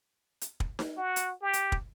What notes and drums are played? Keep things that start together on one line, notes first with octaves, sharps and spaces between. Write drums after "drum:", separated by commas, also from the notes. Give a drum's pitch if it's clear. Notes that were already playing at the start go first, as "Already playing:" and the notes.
drum: hi-hat
drum: kick
drum: snare D#4
F#4
drum: hi-hat
G4
drum: hi-hat
drum: kick